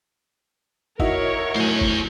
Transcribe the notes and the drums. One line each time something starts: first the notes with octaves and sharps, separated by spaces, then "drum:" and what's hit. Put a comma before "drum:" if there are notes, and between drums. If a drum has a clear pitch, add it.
D#4 E4 F#4 A#4 C#5, drum: kick G1
A2 F#3 C5 G#5
drum: kick G1